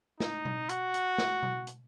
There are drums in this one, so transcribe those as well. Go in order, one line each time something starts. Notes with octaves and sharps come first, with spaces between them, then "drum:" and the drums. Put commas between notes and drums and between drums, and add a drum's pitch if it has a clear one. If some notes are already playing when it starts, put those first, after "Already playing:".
D#4, drum: snare
drum: tom B2
F#4, drum: hi-hat
drum: hi-hat
drum: snare
drum: tom B2
drum: hi-hat